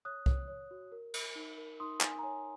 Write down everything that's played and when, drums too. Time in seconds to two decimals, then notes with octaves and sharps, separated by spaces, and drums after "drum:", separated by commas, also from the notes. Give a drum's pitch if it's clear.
0.05 C#5 D#6 F#6
0.26 C#5, drum: kick C2
0.48 C#5
0.71 F#4
0.92 A#4
1.14 A#4, drum: cymbal
1.35 D#4
1.58 A#4
1.80 D#4 C6 D#6
2.01 D#4 G#5, drum: clap
2.19 A#5
2.23 C#5 G#5